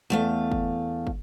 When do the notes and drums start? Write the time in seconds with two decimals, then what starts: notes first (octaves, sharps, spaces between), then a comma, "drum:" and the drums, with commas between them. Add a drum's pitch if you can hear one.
0.10 E2 A3 F5
0.51 drum: kick
1.07 drum: kick